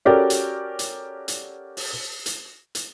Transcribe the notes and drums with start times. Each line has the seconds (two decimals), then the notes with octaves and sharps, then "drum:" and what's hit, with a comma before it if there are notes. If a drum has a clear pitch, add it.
0.05 C#4 F#4 G4 A4 A#4 D5
0.30 drum: hi-hat
0.79 drum: hi-hat
1.28 drum: hi-hat
1.77 drum: open hi-hat
2.26 drum: hi-hat
2.75 drum: hi-hat